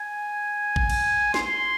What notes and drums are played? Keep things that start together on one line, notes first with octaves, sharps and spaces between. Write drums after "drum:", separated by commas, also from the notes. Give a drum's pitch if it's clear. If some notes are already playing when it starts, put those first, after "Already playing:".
Already playing: G#5
drum: kick A1
drum: cymbal
C6, drum: snare